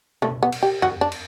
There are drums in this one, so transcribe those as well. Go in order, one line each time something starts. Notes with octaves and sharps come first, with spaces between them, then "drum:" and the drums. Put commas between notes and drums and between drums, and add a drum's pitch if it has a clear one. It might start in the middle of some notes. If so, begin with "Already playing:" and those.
A3, drum: tom B2
B3
drum: cymbal
G4
F#4, drum: tom F2
D4
drum: cymbal